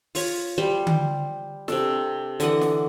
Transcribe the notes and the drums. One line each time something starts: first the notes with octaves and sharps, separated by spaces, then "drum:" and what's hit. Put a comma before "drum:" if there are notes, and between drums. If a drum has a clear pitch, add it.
F4 C#5, drum: open hi-hat
G3 C5 B5
drum: tom D3
C3 D4 A4, drum: snare
D3 E3 D#5 F#5, drum: hi-hat
drum: snare